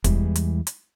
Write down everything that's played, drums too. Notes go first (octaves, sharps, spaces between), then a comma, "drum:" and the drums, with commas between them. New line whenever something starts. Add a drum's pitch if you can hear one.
E2 E3 G3 G#3, drum: kick, hi-hat
drum: hi-hat
drum: hi-hat